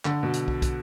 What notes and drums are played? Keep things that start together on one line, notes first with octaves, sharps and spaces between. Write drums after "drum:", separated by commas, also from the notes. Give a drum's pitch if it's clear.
D3, drum: clap
B2
drum: hi-hat
drum: kick
drum: kick, hi-hat